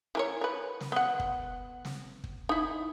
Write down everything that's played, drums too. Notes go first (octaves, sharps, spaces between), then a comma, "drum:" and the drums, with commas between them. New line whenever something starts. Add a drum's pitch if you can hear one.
E3 A#4 C#5
A#4 B4
drum: snare
B3 F#5
drum: kick
drum: snare
drum: kick
D#4 E4